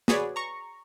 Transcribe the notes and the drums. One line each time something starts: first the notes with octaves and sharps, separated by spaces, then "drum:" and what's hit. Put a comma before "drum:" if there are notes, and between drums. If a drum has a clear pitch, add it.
F#4 G#4 B4 C#5 D5, drum: snare
A#5 C#6